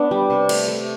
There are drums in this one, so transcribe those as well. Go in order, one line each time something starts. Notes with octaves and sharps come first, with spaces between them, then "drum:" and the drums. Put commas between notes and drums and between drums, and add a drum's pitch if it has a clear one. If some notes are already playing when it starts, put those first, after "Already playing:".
Already playing: B3 D4
G3
C3
A3, drum: cymbal
A3